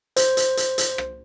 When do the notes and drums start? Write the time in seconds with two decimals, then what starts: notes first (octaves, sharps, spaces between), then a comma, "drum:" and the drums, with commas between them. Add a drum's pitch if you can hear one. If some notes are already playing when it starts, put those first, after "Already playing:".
0.16 C5, drum: hi-hat
0.37 drum: hi-hat
0.57 drum: hi-hat
0.78 drum: hi-hat
0.98 drum: rim click